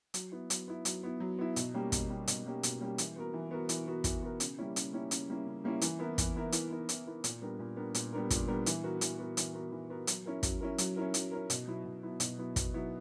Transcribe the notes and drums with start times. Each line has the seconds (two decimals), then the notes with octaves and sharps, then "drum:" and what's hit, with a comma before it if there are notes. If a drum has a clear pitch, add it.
0.14 F#3, drum: hi-hat
0.32 B3 E4
0.50 F#3, drum: hi-hat
0.68 B3 E4
0.85 F#3, drum: hi-hat
1.03 B3 E4
1.20 F#3
1.39 B3 E4
1.56 B2, drum: hi-hat
1.74 G3 A#3 C#4 G4
1.92 B2, drum: kick, hi-hat
2.10 G3 A#3 C#4 G4
2.27 B2, drum: hi-hat
2.45 G3 A#3 C#4 G4
2.63 B2, drum: hi-hat
2.81 G3 A#3 C#4 G4
2.98 E3, drum: hi-hat
3.16 B3 F#4 A#4
3.34 E3
3.51 B3 F#4 A#4
3.69 E3, drum: hi-hat
3.87 B3 F#4 A#4
4.04 E3, drum: kick, hi-hat
4.22 B3 F#4 A#4
4.40 C#3, drum: hi-hat
4.58 G3 A#3 C#4 E4
4.76 C#3, drum: hi-hat
4.93 G3 A#3 C#4 E4
5.11 C#3, drum: hi-hat
5.29 G3 A#3 C#4 E4
5.47 C#3
5.64 G3 A#3 C#4 E4
5.81 E3, drum: hi-hat
5.99 B3 E4 A#4
6.18 E3, drum: kick, hi-hat
6.36 B3 E4 A#4
6.52 E3, drum: hi-hat
6.70 B3 E4 A#4
6.89 E3, drum: hi-hat
7.06 B3 E4 A#4
7.24 A#2, drum: hi-hat
7.41 G3 B3 D4 A#4
7.59 A#2
7.77 G3 B3 D4 A#4
7.95 A#2, drum: hi-hat
8.13 G3 B3 D4 A#4
8.30 A#2, drum: kick, hi-hat
8.48 G3 B3 D4 A#4
8.66 E3, drum: hi-hat
8.84 B3 F#4 A#4
9.01 E3, drum: hi-hat
9.19 B3 F#4 A#4
9.37 E3, drum: hi-hat
9.54 B3 F#4 A#4
9.72 E3
9.90 B3 F#4 A#4
10.07 F#3, drum: hi-hat
10.26 C#4 E4 A#4
10.43 F#3, drum: kick, hi-hat
10.61 C#4 E4 A#4
10.78 F#3, drum: hi-hat
10.96 C#4 E4 A#4
11.14 F#3, drum: hi-hat
11.31 C#4 E4 A#4
11.50 B2, drum: hi-hat
11.67 F#3 B3 E4
11.85 B2
12.03 F#3 B3 E4
12.20 B2, drum: hi-hat
12.38 F#3 B3 E4
12.56 B2, drum: kick, hi-hat
12.74 F#3 B3 E4